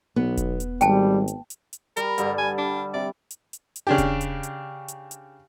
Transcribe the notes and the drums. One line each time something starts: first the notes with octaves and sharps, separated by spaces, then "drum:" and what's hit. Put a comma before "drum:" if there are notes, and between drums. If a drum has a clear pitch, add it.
B1 B3
drum: kick E1, hi-hat
drum: hi-hat
G#1 G3 G5 A5, drum: hi-hat
drum: hi-hat
drum: hi-hat
drum: hi-hat
G3 A#4, drum: hi-hat
G2 D3 G3, drum: hi-hat
G#5
D4
C3 D5
drum: hi-hat
drum: hi-hat
drum: hi-hat
C#3 D4 G4
drum: kick E1, hi-hat
drum: hi-hat
drum: hi-hat
drum: hi-hat
drum: hi-hat